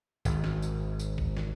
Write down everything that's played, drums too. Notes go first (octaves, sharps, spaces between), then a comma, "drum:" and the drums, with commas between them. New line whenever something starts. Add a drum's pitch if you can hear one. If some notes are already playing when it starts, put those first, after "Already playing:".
G#1, drum: kick, tambourine
drum: snare
drum: tambourine
drum: tambourine
drum: kick
drum: snare